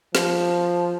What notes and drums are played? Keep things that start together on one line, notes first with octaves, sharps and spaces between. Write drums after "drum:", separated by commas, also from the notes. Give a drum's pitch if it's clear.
F3, drum: snare